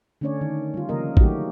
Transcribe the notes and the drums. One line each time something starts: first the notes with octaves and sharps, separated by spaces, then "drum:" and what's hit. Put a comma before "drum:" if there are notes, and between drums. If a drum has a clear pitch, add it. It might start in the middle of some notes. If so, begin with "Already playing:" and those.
D3 A3 C#4 D4 C#5 D5
D#3
G3 F4
C#3 F3 A#3 A#4 D#5 F5
D#3 F#3 A3 F#4 G4, drum: kick A1